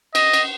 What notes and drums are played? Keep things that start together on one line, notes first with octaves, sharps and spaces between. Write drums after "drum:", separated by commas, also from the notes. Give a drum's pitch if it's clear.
D#5, drum: cymbal
drum: cymbal